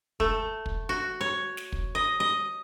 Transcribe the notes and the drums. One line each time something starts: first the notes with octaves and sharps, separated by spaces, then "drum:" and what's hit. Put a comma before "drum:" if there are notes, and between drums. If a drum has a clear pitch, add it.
A3, drum: kick
drum: kick
F#4
C#5
drum: snare
drum: kick
D#5
D#5